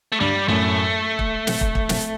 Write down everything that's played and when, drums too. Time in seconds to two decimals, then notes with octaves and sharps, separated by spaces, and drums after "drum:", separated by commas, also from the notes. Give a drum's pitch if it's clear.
0.12 A3
0.20 G2 G3
0.48 F#2 A2 A3
1.19 drum: kick
1.47 drum: snare
1.61 drum: kick
1.75 drum: kick
1.89 drum: snare